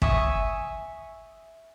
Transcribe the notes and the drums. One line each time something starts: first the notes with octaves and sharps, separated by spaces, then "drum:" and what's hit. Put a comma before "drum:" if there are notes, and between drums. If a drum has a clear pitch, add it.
E5 G#5 C#6 D#6, drum: kick